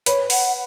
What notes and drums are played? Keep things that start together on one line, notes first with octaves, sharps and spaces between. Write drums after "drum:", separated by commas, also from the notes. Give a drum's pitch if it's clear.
B4 C#5, drum: hi-hat
F#5, drum: open hi-hat